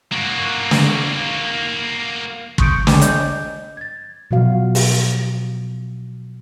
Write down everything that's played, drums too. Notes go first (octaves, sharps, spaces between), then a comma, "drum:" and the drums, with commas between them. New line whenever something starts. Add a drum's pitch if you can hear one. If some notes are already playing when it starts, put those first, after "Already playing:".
A#3 F#4
drum: snare
C6 C#6 D#6 G6 C#7 D7, drum: kick
D5 G5 G#5 D6, drum: snare
D#5 G6, drum: hi-hat
G#6 A6
B2 F3 F#3 F#4 F5
drum: open hi-hat